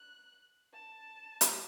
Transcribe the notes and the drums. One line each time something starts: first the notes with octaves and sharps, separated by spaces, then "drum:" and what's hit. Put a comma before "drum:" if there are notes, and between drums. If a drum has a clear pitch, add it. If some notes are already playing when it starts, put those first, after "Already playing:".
Already playing: F#6
A5
drum: hi-hat